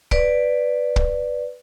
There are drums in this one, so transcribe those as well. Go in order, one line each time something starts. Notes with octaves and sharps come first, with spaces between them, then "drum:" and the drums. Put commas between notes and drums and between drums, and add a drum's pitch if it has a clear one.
B4 D5, drum: kick
drum: kick